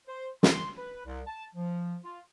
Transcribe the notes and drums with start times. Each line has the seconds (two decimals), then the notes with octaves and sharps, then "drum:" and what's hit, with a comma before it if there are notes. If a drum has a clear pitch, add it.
0.08 C5
0.43 C6, drum: snare
0.77 B4
1.05 C2
1.27 A5
1.55 F3
2.04 F4